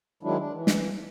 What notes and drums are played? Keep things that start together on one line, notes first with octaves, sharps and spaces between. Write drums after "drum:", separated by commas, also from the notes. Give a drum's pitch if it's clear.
D#3 F#3 G#3 D4 E4
D4
E3
drum: snare